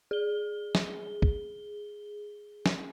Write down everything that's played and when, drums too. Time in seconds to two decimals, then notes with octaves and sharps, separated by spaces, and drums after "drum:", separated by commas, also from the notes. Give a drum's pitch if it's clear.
0.11 G#4 G7
0.75 drum: snare
1.22 drum: kick
2.66 drum: snare